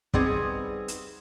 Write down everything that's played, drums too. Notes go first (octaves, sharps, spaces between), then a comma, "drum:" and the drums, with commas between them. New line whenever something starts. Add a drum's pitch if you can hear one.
G3 B3 C4 D#4 G#4, drum: kick
drum: hi-hat